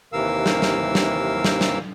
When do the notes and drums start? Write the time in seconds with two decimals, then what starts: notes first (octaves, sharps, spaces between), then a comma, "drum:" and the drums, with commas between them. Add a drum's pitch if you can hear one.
0.13 D#2 C3 E3 A#4 F5 E6
0.46 drum: snare
0.62 drum: snare
0.95 drum: snare
1.44 drum: snare
1.61 drum: snare